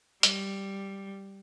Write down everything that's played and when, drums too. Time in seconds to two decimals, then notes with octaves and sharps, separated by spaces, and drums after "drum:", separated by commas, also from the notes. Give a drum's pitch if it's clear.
0.23 G3, drum: hi-hat